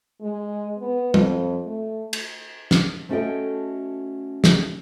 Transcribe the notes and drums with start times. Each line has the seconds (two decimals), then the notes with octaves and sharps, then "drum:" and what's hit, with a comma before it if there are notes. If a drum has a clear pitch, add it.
0.21 G#3
0.79 B3
1.14 F2, drum: tom
1.66 A3
2.13 drum: cymbal
2.71 drum: snare
3.09 A3 C#4 F#4 A4 D#5 G5
4.44 drum: snare